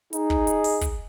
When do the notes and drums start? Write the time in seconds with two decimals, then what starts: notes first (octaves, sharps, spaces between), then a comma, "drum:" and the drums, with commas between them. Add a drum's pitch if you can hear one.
0.13 D#4 G#4, drum: hi-hat
0.30 drum: kick
0.47 drum: hi-hat
0.64 drum: open hi-hat
0.81 drum: kick, hi-hat